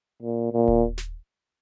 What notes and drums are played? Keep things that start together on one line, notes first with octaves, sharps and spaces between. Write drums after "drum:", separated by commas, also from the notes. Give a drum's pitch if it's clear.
A#2
A#2
drum: kick D#1
drum: snare